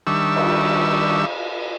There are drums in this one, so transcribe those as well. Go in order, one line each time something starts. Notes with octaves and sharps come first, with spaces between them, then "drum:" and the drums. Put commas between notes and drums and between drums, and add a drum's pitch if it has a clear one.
D#3 G3 D4 E5 C#6 E6
drum: cymbal